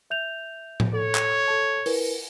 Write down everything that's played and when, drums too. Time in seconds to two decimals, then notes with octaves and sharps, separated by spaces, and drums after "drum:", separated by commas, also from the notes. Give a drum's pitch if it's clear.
0.10 E5 G6 F7
0.80 drum: tom A2
0.93 A4 C#5
1.15 drum: clap
1.48 A4 A5
1.86 E4 A#4 B4, drum: open hi-hat